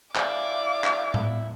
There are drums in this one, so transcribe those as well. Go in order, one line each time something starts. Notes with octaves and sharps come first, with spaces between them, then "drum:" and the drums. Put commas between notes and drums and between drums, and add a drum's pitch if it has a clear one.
E4 D5 F5 D6, drum: clap
drum: clap
drum: tom